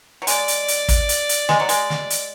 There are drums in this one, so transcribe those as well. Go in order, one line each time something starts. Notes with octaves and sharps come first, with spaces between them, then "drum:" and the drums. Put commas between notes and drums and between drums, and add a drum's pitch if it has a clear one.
F#3
G#3 D5, drum: hi-hat
drum: hi-hat
drum: hi-hat
drum: kick, hi-hat
drum: hi-hat
drum: hi-hat
G#3, drum: snare
F#3
G#3, drum: hi-hat
drum: snare
drum: hi-hat